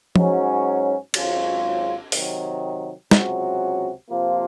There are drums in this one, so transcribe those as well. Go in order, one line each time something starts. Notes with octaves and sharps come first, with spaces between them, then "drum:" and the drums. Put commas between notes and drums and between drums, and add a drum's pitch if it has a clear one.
G#2 F#3 C#4 F#4, drum: tom F3
G#1 G#2 F#3 C#4 F4, drum: cymbal
C3 D#3 F#3, drum: open hi-hat
C#2 C3 F#3 C#4 F#4, drum: snare
C3 F3 A#3 F4